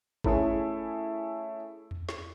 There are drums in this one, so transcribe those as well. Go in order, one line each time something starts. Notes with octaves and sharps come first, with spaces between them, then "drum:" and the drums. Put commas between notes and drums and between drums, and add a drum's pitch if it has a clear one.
A3 C#4 E4 G#4 A4, drum: kick G#1
drum: tom E2
drum: snare